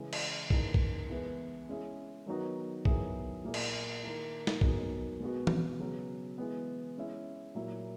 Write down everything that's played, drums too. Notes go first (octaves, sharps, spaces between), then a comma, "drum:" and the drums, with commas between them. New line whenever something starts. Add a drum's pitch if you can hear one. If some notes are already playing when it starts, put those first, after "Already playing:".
Already playing: C#3 E3 G#3
drum: cymbal
C#3 E3 A#3 D#4, drum: kick A#1
drum: kick A#1
E3 G#3 B3 E4
G#3 C#4 E4 G#4
D#3 F#3 B3 D#4 F#4
D#3 F#3 B3 E4 G#4, drum: kick A#1
A#2 A#3 E4 G#4
drum: cymbal
D#3 A#3 E4
drum: snare
B2 F#3 A#3 D#4 G#4, drum: kick A#1
B2 G#3 B3 F#4
drum: tom E3
C#3 F#3 B3
E3 G#3 B3
G#3 C#4 E4
A#2 F#3 A#3 E4